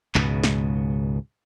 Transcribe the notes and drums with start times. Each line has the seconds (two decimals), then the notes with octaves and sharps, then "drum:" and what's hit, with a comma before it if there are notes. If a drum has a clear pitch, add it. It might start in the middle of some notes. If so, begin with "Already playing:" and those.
0.15 C#2 G#2 B2, drum: clap
0.44 drum: snare